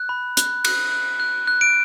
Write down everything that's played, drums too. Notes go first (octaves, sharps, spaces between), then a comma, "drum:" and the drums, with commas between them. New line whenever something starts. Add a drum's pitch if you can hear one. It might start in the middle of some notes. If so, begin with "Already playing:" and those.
Already playing: F#6
B5
F#6, drum: hi-hat
F#6, drum: cymbal
F#6
F#6
F#6
D7